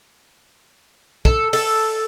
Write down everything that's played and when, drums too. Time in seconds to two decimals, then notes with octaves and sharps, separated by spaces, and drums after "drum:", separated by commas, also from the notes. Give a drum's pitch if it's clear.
1.25 A4, drum: kick
1.53 A4, drum: open hi-hat